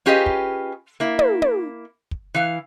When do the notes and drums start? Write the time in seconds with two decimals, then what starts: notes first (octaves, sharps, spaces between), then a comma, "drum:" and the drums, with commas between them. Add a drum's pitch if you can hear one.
0.06 C#4 F4 G4 G#4 B4 D#5
0.26 drum: kick
1.00 A#3 E4
1.19 drum: tom
1.42 drum: tom
2.11 drum: kick
2.35 E3 F5